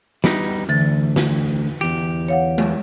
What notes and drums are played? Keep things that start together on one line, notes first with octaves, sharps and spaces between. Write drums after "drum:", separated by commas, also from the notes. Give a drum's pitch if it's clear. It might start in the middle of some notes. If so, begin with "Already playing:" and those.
G3 B3 D#4, drum: snare
D2 D3 E3 A6
drum: snare
E2 G4
C#5 F5 F#5
drum: tom G#3